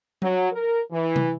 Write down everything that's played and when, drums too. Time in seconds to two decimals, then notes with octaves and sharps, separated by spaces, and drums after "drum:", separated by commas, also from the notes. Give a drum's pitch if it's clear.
0.22 F#3, drum: tom F#3
0.52 A#4
0.91 E3
1.16 drum: tom C3